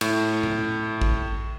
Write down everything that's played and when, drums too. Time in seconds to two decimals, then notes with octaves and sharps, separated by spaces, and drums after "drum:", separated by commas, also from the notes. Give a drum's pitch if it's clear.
0.01 A2, drum: cymbal
0.43 drum: tom A2
1.01 drum: kick A1